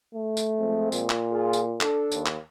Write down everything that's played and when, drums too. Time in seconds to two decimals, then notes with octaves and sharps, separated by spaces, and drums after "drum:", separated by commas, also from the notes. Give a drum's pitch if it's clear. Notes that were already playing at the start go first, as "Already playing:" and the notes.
0.14 A3
0.37 drum: tambourine
0.59 F3 G#3 C4
0.92 A#2, drum: tambourine
1.10 drum: clap
1.31 F4 G#4
1.53 drum: tambourine
1.81 D4 A4, drum: clap
2.12 D#2, drum: tambourine
2.26 drum: clap